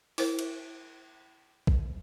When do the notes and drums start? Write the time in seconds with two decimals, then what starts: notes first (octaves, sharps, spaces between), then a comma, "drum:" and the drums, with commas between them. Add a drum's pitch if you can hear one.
0.18 E4 A#4 C5, drum: open hi-hat
0.39 drum: cymbal
1.67 drum: kick A#1